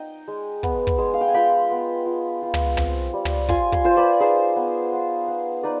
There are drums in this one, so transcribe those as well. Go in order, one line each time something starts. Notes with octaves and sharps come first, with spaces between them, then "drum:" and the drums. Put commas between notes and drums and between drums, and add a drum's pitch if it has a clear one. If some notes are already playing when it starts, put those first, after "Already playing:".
Already playing: D#4 D#5 G5
G#3
B3, drum: kick
drum: kick
G#3
F5
G5
G#5
F4 G5 B5
B3
F4
F4
drum: tom
C4, drum: tom
G3
drum: tom
F4 G#5 C6, drum: kick
G#5 C6, drum: kick
F4 C5
B4 D5
D#4 G#4 C5
B3
B3
B3
D#4 B4 D5